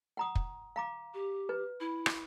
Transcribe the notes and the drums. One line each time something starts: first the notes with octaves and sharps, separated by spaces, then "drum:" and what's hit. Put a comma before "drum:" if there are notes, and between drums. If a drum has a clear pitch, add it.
F#5 A#5 D#6
drum: kick
F5 A#5 D6
G4
B4
E4
drum: rim click